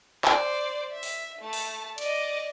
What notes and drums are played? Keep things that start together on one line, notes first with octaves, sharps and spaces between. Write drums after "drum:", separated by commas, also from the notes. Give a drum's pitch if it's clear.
C5 D5, drum: clap
E5
drum: open hi-hat
A3 A5
drum: open hi-hat
D5 D#5, drum: cymbal